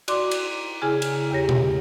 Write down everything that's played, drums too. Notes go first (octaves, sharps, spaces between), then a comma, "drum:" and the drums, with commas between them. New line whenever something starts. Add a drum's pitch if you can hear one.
F#4 D5 C6 D6, drum: cymbal
drum: cymbal
C#3 E4 G#4 G#5 F6
drum: cymbal
E2 C#3 G4 C#5 A#6
drum: tom B2